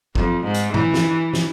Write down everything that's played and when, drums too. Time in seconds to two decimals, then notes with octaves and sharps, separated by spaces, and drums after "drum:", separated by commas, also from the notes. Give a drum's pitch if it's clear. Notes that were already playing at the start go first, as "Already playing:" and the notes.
0.15 F2, drum: kick
0.44 G#2
0.54 drum: hi-hat
0.74 E3, drum: tom A2
0.94 drum: snare
1.34 drum: snare